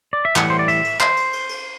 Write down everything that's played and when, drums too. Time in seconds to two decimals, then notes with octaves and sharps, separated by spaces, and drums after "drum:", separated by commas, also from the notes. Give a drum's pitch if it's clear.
0.13 D5
0.25 E5
0.36 A2 E3 G3 F#5, drum: clap
0.50 C5
0.59 D5
0.68 E5, drum: cymbal
0.84 drum: cymbal
1.00 C5, drum: clap
1.17 drum: cymbal
1.33 drum: cymbal
1.49 drum: cymbal